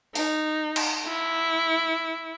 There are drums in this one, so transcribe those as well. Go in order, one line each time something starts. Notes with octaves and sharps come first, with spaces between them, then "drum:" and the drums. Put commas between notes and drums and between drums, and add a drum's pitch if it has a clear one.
D#4, drum: open hi-hat
drum: cymbal
E4